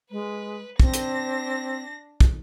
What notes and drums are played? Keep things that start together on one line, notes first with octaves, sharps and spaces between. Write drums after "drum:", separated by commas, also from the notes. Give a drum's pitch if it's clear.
G#3 B4
C4 D4 A#6, drum: kick
drum: hi-hat
drum: kick